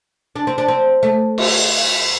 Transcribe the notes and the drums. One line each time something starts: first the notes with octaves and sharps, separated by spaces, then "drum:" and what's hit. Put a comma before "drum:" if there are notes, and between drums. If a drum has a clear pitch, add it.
D4
C4
D4
C4
A3
drum: cymbal